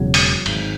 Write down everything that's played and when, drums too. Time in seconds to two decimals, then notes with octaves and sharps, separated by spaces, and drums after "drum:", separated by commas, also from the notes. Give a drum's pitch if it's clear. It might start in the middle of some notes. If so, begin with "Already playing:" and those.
Already playing: E1 E2 C#3 F#3
0.14 drum: open hi-hat
0.46 G#1 G#2, drum: cymbal